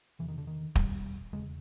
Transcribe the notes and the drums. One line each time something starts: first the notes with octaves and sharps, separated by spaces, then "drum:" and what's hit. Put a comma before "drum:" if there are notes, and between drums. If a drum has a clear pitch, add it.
E2 C3 E3
D#3
D3
D#3
E2 B2 G3, drum: kick
E2 C#3 G#3